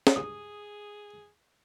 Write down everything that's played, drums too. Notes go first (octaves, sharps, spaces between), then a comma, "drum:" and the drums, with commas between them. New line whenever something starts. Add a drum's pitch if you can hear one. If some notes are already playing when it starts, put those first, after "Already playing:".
drum: snare
C#2 G2 G#4 D#6